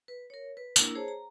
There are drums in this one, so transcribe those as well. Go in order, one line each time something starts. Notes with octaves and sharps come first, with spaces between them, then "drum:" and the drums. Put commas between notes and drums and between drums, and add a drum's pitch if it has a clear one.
B4
A#4 C#5
B4
A#3 D4 E4 A#4 E6, drum: tambourine
G#4 C5 C#5 A5 A#5
A#5